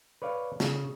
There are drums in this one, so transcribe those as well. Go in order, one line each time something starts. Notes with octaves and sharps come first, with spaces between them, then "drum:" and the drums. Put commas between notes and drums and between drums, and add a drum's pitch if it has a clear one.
B4 C#5 D5 F5
C#3, drum: snare